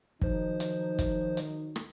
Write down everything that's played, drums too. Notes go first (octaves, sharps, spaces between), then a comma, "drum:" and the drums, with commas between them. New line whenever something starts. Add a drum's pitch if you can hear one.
D#3 F3 F#3 D#4 C5, drum: kick
drum: hi-hat
drum: kick, hi-hat
drum: hi-hat
drum: rim click